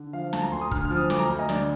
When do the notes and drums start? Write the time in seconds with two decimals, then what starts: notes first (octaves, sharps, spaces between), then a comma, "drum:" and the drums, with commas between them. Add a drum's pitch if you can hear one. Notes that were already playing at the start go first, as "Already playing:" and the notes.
Already playing: D3
0.13 F3 F5
0.33 D2 A5, drum: snare
0.42 A#5
0.52 D2 C6
0.61 D#6
0.71 D3 F6, drum: kick
0.85 F6
0.90 F3
0.97 D#6
1.10 D2 D6, drum: snare
1.19 A#5
1.30 D2
1.39 D#5
1.49 D3 D5, drum: snare